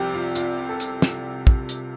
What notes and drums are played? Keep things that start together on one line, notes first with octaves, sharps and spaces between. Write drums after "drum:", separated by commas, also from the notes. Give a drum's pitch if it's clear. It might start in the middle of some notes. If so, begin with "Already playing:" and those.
Already playing: C2 C3 F3 G4 D5
F4
F4, drum: hi-hat
A4
drum: hi-hat
drum: snare
drum: kick
drum: hi-hat